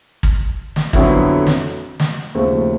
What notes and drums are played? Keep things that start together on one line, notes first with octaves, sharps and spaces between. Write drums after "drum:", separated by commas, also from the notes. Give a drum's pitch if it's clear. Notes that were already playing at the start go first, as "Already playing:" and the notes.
drum: kick
drum: snare
F2 D3 F#3 B3 E4, drum: kick
drum: snare
drum: snare
D#2 C#3 F3 A3 C4